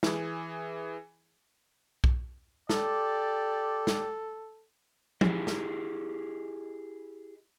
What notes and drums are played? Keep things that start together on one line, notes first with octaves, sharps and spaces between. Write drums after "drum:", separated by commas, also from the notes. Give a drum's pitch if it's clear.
E3 G#4, drum: snare
drum: kick B1
G4 A4 D5, drum: snare
drum: snare
E4 G4 G#4 D#5, drum: tom
drum: snare